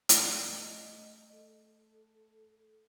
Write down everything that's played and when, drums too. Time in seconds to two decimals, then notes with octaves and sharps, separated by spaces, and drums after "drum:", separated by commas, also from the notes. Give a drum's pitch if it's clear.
0.09 G#4, drum: hi-hat
0.47 A3 D#5
1.32 A4